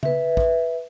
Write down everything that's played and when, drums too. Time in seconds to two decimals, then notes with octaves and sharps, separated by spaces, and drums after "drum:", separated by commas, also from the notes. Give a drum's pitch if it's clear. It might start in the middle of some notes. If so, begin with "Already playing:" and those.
0.03 B4 E5, drum: tom C#3
0.37 drum: kick